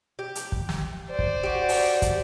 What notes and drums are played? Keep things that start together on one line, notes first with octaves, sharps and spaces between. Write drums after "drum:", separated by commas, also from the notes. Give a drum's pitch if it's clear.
G4
drum: hi-hat
drum: kick
drum: snare
C5 D5
drum: kick
F#4 G4
drum: open hi-hat
drum: kick, hi-hat